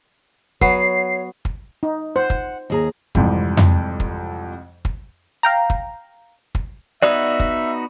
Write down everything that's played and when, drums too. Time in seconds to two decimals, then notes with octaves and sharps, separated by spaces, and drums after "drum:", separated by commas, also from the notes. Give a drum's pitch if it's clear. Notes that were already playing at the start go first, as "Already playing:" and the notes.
0.61 F#3 B3 B4 C#5 C7, drum: kick
1.45 drum: kick
1.83 D#4
2.16 C5 F#5
2.30 drum: kick
2.70 D#2 G#4 A#5
3.15 F2 G#2 C3 E3 G3, drum: kick
3.57 drum: tom F2
4.00 drum: kick
4.85 drum: kick
5.43 F5 G5 A#5
5.70 drum: kick
6.55 drum: kick
7.02 B3 D#4 F#4 D5 E5 D#6
7.40 drum: kick